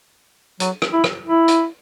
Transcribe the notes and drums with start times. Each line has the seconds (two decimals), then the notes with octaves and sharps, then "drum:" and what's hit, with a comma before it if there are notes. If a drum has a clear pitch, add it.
0.60 F#3, drum: hi-hat
0.82 drum: rim click
0.93 E4
1.04 drum: rim click
1.26 E4
1.48 drum: hi-hat